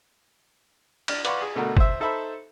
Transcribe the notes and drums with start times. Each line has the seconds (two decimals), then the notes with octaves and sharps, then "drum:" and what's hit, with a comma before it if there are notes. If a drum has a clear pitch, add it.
1.08 D4 F6, drum: cymbal
1.25 B4 D5 F5 F#5 C6 C#6, drum: hi-hat
1.41 G#4
1.55 B2 D3 A3 F#4 A4 A#4
1.77 C5 E5, drum: kick
2.00 D#4 A4 C5 E5 B5